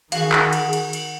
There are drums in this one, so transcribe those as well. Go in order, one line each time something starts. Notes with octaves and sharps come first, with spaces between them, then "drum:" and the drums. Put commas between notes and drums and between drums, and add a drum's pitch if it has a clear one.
D#3 F#4 G#4 F5, drum: cymbal
drum: clap
drum: cymbal
drum: cymbal
drum: cymbal